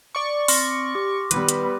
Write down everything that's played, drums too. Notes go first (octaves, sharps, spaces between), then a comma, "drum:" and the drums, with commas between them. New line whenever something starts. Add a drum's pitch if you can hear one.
D5 C#6
C4 C6 F6 A#6, drum: open hi-hat
G4 D6
D#3 G3 B3 B4, drum: hi-hat
drum: hi-hat